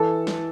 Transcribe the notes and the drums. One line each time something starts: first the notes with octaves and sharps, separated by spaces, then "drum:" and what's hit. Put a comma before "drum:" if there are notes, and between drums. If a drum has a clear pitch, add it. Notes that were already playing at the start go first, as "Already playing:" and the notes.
Already playing: E3 A4
drum: snare